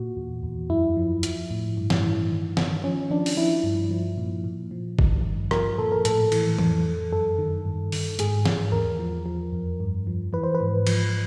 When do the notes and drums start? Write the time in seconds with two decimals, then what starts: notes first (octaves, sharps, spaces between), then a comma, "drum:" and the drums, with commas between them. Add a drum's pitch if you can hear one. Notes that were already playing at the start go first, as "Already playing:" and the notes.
Already playing: A#2 F#4
0.17 E2
0.43 E2
0.70 F#2 E4
0.97 F3
1.23 F3, drum: hi-hat
1.51 A2
1.77 G2
1.90 drum: snare
2.03 E3
2.30 D#3
2.57 D#3, drum: snare
2.84 F3 C#4
3.11 F3 D4
3.26 drum: open hi-hat
3.37 F3 E4
3.64 G2
3.91 F3
4.18 A#2
4.44 A#2
4.71 F3
4.99 D#3, drum: kick G1
5.24 G2
5.51 F3 A#4, drum: rim click
5.78 A#2 A4
5.92 A#4
6.05 A2 A4, drum: hi-hat
6.32 E3, drum: cymbal
6.58 F2, drum: tom E3
6.85 F2
7.12 F#2 A4
7.38 D#3
7.65 G2
7.92 D#3, drum: open hi-hat
8.19 G#2 G#4, drum: hi-hat
8.46 G#2, drum: snare
8.72 E2 A#4
8.99 F3
9.26 F3
9.52 F2
9.80 G2
10.07 F3
10.33 E3 B4
10.43 C5
10.55 B4
10.60 G#2
10.87 F3, drum: cymbal